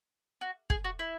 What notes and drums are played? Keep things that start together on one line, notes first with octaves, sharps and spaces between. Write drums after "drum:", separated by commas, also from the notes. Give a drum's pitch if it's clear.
F#4
G#4, drum: kick
F#4
E4